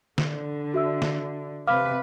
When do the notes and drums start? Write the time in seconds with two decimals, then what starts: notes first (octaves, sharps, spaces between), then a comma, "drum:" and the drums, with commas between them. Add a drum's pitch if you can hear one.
0.18 D3, drum: snare D#3
0.74 F#4 E5 E6
1.02 drum: snare D#3
1.67 C3 B4 F5 D6 F6